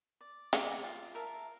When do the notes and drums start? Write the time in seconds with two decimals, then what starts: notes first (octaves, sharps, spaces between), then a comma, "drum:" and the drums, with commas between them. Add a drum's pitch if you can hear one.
0.21 D5
0.53 G5 D6, drum: hi-hat
0.84 F4
1.15 A#4 E5 A5